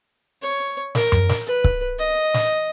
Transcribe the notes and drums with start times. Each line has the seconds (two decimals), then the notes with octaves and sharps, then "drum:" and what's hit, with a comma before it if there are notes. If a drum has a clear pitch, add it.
0.42 C#5
0.95 A#4, drum: snare
1.12 drum: tom F#2
1.29 drum: snare
1.46 B4
1.64 drum: kick C#1
1.99 D#5
2.34 drum: snare